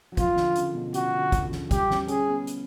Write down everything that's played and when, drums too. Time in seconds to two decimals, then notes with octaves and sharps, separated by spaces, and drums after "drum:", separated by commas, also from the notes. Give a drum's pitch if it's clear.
0.12 F#3
0.17 F3 F4, drum: kick, hi-hat
0.36 D3, drum: snare
0.56 C#3, drum: hi-hat
0.75 B2
0.94 C#3 F#4, drum: hi-hat
1.13 D3
1.32 drum: kick, hi-hat
1.52 C#3, drum: snare
1.71 G3 G4, drum: kick, hi-hat
1.90 C#4, drum: snare
2.08 C#4 G#4, drum: hi-hat
2.29 B3
2.47 drum: hi-hat